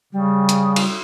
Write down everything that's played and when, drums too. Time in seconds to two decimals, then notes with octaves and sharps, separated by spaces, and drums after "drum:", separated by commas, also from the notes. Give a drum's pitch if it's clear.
0.13 C#3 G3
0.49 drum: hi-hat
0.76 drum: cymbal